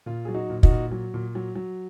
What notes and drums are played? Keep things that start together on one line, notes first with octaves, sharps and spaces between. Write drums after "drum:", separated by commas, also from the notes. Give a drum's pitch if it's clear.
A#2 F4
F#3 G#4
D#4 F#4
A#2
D#4 F#4, drum: kick
A#2
F#3
A#2
F#3
F#3